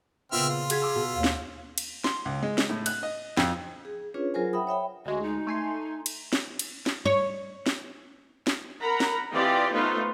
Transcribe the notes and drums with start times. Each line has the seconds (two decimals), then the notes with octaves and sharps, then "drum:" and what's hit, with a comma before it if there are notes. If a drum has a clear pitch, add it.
0.32 A#2 C#3 B3 C4 E5 F6
0.49 F4
0.70 F#4 G#4 G#6 B6, drum: cymbal
0.82 D6 E6
0.96 B2
1.15 D#2 F5
1.24 drum: snare
1.78 drum: cymbal
2.04 C6, drum: snare
2.25 C#2
2.43 G#3
2.58 drum: snare
2.70 A2
2.86 F#6, drum: cymbal
3.03 D#5
3.37 F2, drum: snare
3.85 G#4
4.14 C#4 D4 F4 G#4 B4 C#5
4.34 F#3 F4 G#4 A#4 C5 G#5
4.53 E5 F#5 G5 B5 D#6
4.67 C#5 E5 G5 B5
5.06 D2 G#3 F#4
5.22 D#4
5.47 A3 G#5 C6
6.06 drum: cymbal
6.33 drum: snare
6.59 drum: cymbal
6.86 drum: snare
7.06 C#5
7.66 drum: snare
8.47 drum: snare
8.81 A#4 F#5 A#5 B5
9.00 drum: snare
9.32 E3 C4 F4 G4 D5 D#5
9.72 A3 B3 D#4 F4 B4 C5